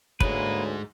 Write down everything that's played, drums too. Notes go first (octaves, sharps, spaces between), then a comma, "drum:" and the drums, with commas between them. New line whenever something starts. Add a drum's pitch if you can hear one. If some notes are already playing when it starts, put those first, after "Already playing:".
D2 G#2 G#3 A#3 B4 C#5, drum: kick